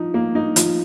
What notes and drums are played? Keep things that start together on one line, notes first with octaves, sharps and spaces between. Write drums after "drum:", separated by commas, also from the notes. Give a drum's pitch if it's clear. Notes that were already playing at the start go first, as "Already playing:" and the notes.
Already playing: F3 D#4
A#3
D#4
F3, drum: hi-hat